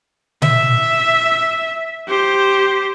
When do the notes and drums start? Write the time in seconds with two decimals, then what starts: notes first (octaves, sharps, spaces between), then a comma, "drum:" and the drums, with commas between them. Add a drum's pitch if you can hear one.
0.42 E5, drum: tom A#2
2.08 G4 C5